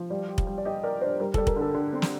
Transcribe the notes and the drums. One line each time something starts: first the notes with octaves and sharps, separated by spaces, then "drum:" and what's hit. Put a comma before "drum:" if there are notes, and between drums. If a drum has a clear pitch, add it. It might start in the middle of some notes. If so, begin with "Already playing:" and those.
Already playing: F3
G3 D5
G4
drum: kick
G3
D5
G4 D#5
A#4 D5
D4 C5
G3 A#4
A4, drum: kick
G3
A#4, drum: kick
D3 A4
D3
C4
drum: snare